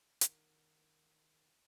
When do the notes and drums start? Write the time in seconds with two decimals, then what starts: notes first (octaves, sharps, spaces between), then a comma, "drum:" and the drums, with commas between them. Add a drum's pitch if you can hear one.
0.21 D#3 A#4 F#5, drum: hi-hat